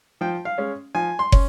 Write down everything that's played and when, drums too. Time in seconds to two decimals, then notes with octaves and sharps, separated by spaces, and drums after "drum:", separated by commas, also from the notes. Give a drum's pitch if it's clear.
0.21 F3 G5
0.45 F5
0.58 G#3 C#4
0.95 F3 G#5
1.19 C6
1.32 C#4, drum: kick